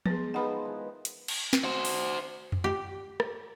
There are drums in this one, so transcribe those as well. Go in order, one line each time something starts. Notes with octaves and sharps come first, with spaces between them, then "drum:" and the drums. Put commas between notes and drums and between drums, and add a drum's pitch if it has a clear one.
G#3 B3 B4 C6, drum: tom
F3 G#3 B3 D#4 F#5 B5
D#3 E3
drum: hi-hat
drum: cymbal
drum: snare
F#4 C5
drum: open hi-hat
drum: tom F2
G4
drum: rim click